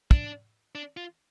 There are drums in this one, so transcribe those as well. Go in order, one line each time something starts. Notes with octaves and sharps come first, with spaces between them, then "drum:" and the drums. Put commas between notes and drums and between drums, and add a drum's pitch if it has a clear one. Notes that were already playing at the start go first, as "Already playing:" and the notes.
D4, drum: kick
D4
F4